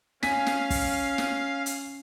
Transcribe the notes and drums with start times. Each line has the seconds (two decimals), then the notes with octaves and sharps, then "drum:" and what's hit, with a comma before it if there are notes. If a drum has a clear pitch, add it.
0.23 C#4 F5 G#5 B6, drum: snare
0.46 drum: snare
0.70 drum: kick, open hi-hat
1.18 drum: snare
1.66 drum: hi-hat